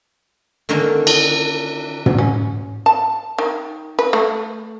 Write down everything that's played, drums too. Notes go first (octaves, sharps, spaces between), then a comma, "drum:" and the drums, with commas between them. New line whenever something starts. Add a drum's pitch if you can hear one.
D3 D#3 A#3 C#4 D4
drum: cymbal
drum: tom
C#4
A5
D#3
B4
A3